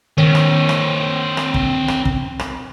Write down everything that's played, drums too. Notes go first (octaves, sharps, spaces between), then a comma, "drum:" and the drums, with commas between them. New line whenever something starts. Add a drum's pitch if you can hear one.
D#3 C4 C#5
drum: rim click
drum: rim click
drum: rim click
drum: kick
drum: rim click
drum: kick
drum: rim click